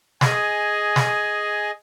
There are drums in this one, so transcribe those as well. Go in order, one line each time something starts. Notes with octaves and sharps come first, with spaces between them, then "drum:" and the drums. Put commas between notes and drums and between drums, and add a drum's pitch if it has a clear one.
G#4 D#5 G#5, drum: snare
drum: snare